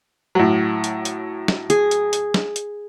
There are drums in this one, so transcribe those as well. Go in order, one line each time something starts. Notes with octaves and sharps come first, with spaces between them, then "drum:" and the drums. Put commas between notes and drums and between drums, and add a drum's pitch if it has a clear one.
A2 F#3
drum: hi-hat
drum: hi-hat
drum: snare
G#4, drum: hi-hat
drum: hi-hat
drum: hi-hat
drum: snare
drum: hi-hat